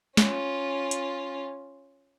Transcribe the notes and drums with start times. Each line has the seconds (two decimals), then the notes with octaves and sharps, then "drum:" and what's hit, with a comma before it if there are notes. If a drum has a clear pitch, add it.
0.17 C#4 F4, drum: snare
0.91 drum: hi-hat